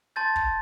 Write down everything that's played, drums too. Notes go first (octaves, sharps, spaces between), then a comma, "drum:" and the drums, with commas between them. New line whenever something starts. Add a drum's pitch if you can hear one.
A5 C6 G6 A6
drum: kick